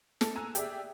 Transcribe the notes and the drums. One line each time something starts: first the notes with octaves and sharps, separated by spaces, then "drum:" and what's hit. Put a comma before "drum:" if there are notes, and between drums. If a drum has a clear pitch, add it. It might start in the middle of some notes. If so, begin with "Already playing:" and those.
A4, drum: snare
G#5 A#5 E6 F#6
G4 G#4 D5 E5, drum: hi-hat